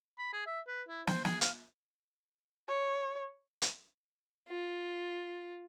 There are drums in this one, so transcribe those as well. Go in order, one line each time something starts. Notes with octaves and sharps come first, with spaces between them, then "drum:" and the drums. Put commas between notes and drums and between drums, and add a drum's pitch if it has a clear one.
B5
G#4
E5
B4
E4
C5, drum: snare
G#4, drum: snare
F5, drum: hi-hat
C#5
drum: hi-hat
F4